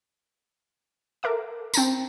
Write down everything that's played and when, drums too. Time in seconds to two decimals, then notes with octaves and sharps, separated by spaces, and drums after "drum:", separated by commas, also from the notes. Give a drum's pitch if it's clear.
1.23 A4 A#4 E5 D6
1.74 C4 G5 A5 A#5, drum: tambourine